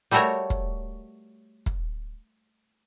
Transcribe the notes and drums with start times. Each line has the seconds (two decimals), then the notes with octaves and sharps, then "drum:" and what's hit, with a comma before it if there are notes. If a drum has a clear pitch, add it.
0.11 G3 A3 F#4 A4 A#4 C#5
0.50 drum: kick
1.66 drum: kick